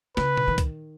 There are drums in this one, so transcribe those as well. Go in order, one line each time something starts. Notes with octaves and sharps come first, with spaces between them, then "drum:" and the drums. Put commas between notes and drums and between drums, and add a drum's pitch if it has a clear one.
C#3 B4, drum: snare
drum: tom A#2
D#3
drum: kick C2, hi-hat